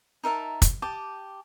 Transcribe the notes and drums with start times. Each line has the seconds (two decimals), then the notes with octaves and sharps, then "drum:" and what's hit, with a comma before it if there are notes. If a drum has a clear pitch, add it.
0.24 D#4 A#4 E5 A5
0.62 drum: kick, hi-hat
0.82 G4 A5 D6 D#6